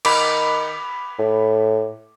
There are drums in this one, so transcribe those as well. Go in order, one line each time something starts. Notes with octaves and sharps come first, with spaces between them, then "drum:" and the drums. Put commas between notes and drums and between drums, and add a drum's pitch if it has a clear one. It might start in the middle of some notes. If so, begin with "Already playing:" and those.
D#3 B5 D6, drum: cymbal
A2